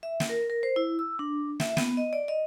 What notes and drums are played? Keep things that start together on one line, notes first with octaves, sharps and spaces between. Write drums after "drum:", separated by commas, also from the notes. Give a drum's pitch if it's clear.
E5
drum: snare
A#4
A#4
C5
E4
E6
D4
E5, drum: snare
B3, drum: snare
D#5
D5
D#5